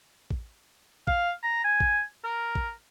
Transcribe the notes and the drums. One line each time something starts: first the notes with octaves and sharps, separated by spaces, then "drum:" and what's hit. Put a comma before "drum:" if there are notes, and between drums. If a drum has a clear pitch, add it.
drum: kick
F5, drum: kick
A#5
G#5
drum: kick
A#4
drum: kick